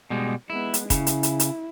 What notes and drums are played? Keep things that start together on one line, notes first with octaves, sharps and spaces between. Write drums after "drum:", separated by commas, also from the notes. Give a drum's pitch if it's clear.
B2 G3 G#3
G#3 B3 E4
drum: hi-hat
C#3 E4, drum: kick, hi-hat
drum: hi-hat
drum: hi-hat
drum: hi-hat